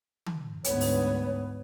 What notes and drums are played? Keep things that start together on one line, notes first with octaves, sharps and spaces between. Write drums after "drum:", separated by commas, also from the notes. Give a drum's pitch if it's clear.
drum: tom D#3
D2 G#2 B3 C#5, drum: hi-hat
drum: open hi-hat